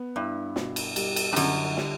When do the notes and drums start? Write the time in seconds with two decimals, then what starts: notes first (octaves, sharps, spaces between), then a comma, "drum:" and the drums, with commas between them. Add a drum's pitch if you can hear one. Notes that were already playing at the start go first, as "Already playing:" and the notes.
Already playing: B3
0.16 G2 E4
0.56 B2, drum: snare
0.76 drum: cymbal
0.96 G3, drum: cymbal
1.16 drum: cymbal
1.33 G2
1.36 F#2 D3, drum: cymbal
1.77 G3, drum: snare